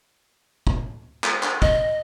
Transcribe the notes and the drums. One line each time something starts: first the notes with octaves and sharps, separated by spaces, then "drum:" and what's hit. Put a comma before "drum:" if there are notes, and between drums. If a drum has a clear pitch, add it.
drum: kick
drum: clap
drum: clap
D#5, drum: kick